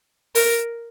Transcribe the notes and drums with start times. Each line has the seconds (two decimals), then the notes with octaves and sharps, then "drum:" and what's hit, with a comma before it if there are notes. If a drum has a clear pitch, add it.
0.35 A#4, drum: open hi-hat